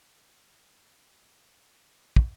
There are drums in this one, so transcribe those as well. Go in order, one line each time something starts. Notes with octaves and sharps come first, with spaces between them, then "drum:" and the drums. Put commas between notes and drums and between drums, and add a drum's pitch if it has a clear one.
A4 F5 C#6 D6
drum: kick